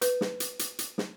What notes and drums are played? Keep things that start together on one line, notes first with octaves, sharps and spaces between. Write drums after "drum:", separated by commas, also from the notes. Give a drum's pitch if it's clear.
B4, drum: hi-hat
drum: snare
drum: hi-hat
drum: hi-hat
drum: hi-hat
drum: snare